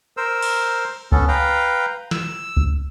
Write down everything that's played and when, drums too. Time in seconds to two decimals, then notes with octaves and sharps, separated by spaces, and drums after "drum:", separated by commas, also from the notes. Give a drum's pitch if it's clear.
0.17 A#4 C5 E6
0.42 drum: cymbal
1.12 B3 C#4 A4, drum: kick C#2
1.28 B4 F5 G5 A#5
2.11 E6, drum: snare
2.57 drum: kick C#2